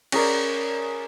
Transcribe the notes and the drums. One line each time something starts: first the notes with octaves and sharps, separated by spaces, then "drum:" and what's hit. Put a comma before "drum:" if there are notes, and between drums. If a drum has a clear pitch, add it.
C#4 G#4 A#4 D5, drum: cymbal